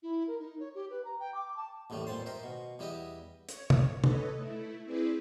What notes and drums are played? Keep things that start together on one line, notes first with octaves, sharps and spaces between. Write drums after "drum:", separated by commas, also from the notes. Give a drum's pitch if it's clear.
E4
A#4
D#4
C#5
G4
B4
A#5
G5
D6
A5
A1 D#2 A2 G3 A3
G2 A#2 C4 A5 C6
D#3 A#4 C5 E5
B2
E2 G3 E4 G4 D#5 E5
C#5, drum: hi-hat
drum: tom
A4 B4 C#5 D#5, drum: tom
A3 E4
C4 E4 G#4 B4 D5